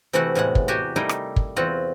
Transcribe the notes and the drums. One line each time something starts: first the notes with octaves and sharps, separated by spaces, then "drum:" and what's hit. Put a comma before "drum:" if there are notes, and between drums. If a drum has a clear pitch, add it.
C3 E3 A3 F#4 F#5
E2 A2 G#3 F#5
drum: kick
F#4 G4 G#5 A#5
G3 A3 D#4 E4 A#4 D#5
drum: rim click
drum: kick
E2 C4 F4 F#4 F#5